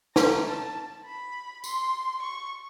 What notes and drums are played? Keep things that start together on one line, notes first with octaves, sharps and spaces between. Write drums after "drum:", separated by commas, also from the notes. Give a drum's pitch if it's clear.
A#5, drum: snare
A5
B5
C6, drum: tambourine
C#6